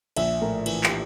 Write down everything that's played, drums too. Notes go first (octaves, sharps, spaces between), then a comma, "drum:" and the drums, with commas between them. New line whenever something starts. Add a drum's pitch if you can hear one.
A#1 E5, drum: cymbal
A2 A#4
E3, drum: cymbal
G4, drum: clap